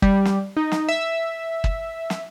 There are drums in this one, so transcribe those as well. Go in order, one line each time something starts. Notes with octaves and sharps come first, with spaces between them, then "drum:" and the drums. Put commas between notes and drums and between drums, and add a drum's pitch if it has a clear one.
G3, drum: kick
drum: snare
D#4
drum: snare
E5
drum: kick
drum: snare